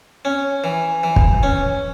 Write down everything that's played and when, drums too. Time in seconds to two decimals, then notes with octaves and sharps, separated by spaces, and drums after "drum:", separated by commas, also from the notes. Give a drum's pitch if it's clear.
0.25 C#4
0.64 E3
1.03 E3
1.16 drum: kick
1.43 C#4